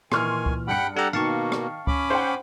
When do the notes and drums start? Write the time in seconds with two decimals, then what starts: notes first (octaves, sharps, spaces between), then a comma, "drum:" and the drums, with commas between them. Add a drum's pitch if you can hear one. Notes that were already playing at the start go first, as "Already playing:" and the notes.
0.12 A#2 D#3 E3 G#5 C6 C#6 F6, drum: rim click
0.46 drum: kick C#2
0.68 G2 F#5 G5 B5 C#7
0.96 D4 G4 A4 F#5 A#5
1.13 B2 D#3 A#3 F5 A5 C#6 C#7
1.52 drum: rim click
1.87 C#4 B5 D6, drum: kick C#2
2.10 C5 F#5 G5